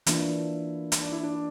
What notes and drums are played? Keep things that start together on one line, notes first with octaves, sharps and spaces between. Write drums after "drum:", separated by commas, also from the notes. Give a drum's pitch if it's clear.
E3 A#3 D4 E4 F4, drum: hi-hat
drum: hi-hat
D4
E4
D4